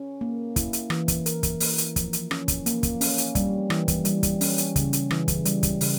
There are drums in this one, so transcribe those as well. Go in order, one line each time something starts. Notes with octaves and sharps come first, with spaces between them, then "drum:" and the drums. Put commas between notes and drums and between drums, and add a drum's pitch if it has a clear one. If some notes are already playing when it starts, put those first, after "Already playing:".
Already playing: C#4
A#3
E4, drum: kick, hi-hat
drum: hi-hat
E3, drum: rim click
drum: kick, hi-hat
A#4, drum: hi-hat
drum: kick, hi-hat
A#3, drum: open hi-hat
drum: hi-hat
F3, drum: kick, hi-hat
drum: hi-hat
C#4, drum: rim click
drum: kick, hi-hat
A#3, drum: hi-hat
drum: kick, hi-hat
C#4, drum: open hi-hat
drum: hi-hat
G3, drum: kick, hi-hat
E3, drum: rim click
drum: kick, hi-hat
G3, drum: hi-hat
drum: kick, hi-hat
C#4, drum: open hi-hat
drum: hi-hat
C#3, drum: kick, hi-hat
drum: hi-hat
E3, drum: rim click
drum: kick, hi-hat
G3, drum: hi-hat
drum: kick, hi-hat
C#3, drum: open hi-hat